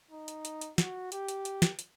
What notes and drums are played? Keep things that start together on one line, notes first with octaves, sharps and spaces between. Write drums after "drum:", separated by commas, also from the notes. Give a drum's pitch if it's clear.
D#4
drum: hi-hat
drum: hi-hat
drum: hi-hat
F#4, drum: snare
G4, drum: hi-hat
drum: hi-hat
drum: hi-hat
drum: snare
drum: hi-hat